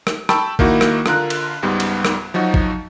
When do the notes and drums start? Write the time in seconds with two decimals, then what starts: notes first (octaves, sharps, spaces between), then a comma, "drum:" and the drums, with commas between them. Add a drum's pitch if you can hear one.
0.07 drum: rim click
0.29 G5 A5 B5 C#6 E6, drum: rim click
0.59 D#3 A#3 D#4 E4 F#4, drum: kick G#1
0.81 drum: rim click
1.06 D3 F4 A#4 F#6, drum: rim click
1.30 drum: cymbal
1.62 C#2 G#2 G3 B3
1.80 drum: cymbal
2.05 drum: rim click
2.34 F3 F#3 D#4 F#4
2.54 drum: kick G#1